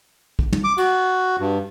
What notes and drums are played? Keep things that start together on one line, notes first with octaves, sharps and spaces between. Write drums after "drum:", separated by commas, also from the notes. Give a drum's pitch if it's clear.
drum: kick
drum: tom
D6
F#4, drum: cymbal
G2